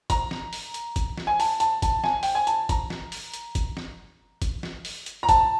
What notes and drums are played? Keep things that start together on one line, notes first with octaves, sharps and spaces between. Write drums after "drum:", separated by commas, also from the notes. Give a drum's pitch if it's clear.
A#5, drum: kick, hi-hat
drum: snare
drum: open hi-hat
drum: hi-hat
drum: kick, hi-hat
drum: snare
G#5
A5, drum: open hi-hat
A5, drum: hi-hat
A5, drum: kick, hi-hat
G#5, drum: snare
G5, drum: open hi-hat
G#5
A5, drum: hi-hat
A#5, drum: kick, hi-hat
drum: snare
drum: open hi-hat
drum: hi-hat
drum: kick, hi-hat
drum: snare
drum: kick, hi-hat
drum: snare
drum: open hi-hat
drum: hi-hat
A#5
A5, drum: kick, hi-hat